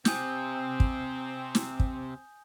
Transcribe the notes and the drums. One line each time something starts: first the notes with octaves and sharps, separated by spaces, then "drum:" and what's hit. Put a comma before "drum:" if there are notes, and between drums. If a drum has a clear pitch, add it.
C3 C4 G#5 D#6 G6, drum: snare
drum: kick
drum: snare
drum: kick